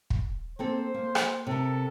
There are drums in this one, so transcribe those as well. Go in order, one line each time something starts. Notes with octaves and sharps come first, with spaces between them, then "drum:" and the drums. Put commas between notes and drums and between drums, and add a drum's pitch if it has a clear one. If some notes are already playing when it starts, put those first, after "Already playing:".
drum: kick
A#3 C4 A4 C5
A#3
drum: rim click
C3 A4 A#4